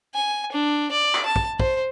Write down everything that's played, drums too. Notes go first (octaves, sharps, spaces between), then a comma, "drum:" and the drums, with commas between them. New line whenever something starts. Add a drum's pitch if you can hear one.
G#5
D4
D5
drum: clap
A5
drum: kick
C5, drum: kick